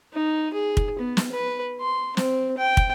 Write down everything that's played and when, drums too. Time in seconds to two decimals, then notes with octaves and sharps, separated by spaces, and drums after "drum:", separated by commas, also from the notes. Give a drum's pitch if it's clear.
0.13 D#4
0.54 G#4
0.77 drum: kick
0.99 B3
1.17 drum: snare
1.32 B4
1.80 C6
2.17 C4, drum: snare
2.58 G5
2.77 drum: kick